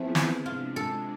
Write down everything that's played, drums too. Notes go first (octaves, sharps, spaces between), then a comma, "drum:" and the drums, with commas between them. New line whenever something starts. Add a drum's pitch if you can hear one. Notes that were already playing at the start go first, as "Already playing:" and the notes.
Already playing: F3 A3 B3 C4 E4 G#4
drum: snare
C3 G#3 D4 F4
A4